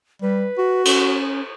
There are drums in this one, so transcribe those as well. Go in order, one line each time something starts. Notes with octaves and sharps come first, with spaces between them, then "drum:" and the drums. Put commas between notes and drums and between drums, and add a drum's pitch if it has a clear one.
G3 B4
F#4
C#4, drum: cymbal